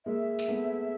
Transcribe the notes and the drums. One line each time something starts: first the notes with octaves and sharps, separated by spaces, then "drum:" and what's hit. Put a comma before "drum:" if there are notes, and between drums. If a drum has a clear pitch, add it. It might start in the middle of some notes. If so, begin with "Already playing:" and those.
G#3 A#3 E5
drum: tambourine
A3 B3